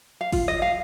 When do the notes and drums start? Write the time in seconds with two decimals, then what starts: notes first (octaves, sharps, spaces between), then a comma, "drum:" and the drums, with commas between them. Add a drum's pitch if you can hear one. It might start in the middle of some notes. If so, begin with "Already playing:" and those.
0.21 F5
0.32 F4, drum: kick, open hi-hat
0.48 D#5
0.62 F5